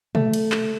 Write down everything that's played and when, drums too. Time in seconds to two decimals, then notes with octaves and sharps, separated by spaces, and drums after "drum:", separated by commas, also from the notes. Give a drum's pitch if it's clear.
0.15 A3, drum: tom B2
0.33 drum: cymbal
0.52 drum: clap